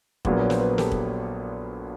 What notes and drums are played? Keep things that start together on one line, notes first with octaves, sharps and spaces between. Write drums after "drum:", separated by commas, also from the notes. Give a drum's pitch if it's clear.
A#1 A#2 F#3 B3 G#4 A#4, drum: kick
C#5
C5, drum: snare
B4
A#4
G4 A4, drum: snare
drum: kick